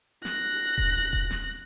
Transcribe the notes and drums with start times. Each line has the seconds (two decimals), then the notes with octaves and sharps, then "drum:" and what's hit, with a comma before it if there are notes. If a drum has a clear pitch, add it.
0.25 F#6 A#6, drum: snare
0.78 drum: kick D#1
1.13 drum: kick D#1
1.30 drum: snare